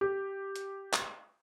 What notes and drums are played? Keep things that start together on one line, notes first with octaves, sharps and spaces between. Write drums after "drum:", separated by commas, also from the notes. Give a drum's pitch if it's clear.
G4
drum: hi-hat
drum: clap